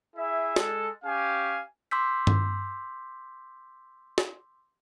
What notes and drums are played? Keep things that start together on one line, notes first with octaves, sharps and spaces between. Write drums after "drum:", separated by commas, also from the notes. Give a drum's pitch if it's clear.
E4 G#4 E5
G#3 A4, drum: snare
C#4 G4 F5 G#5
C6 D6 E6 G6 B6
drum: tom G2
drum: snare